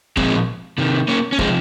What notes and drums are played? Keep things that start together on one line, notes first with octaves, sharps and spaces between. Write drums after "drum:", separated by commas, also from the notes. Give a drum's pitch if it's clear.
A#2 F3 G#3 C4, drum: kick
C3 D#3
A#3 C#4
C#4
C3 F3 G#3 C4, drum: kick